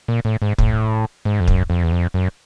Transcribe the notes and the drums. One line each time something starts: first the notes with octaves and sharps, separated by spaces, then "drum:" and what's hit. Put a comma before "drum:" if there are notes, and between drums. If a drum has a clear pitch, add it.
A#2
A2
G#2
A2, drum: kick
G#2
F2
F#2, drum: kick
F2
E2
F2
F#2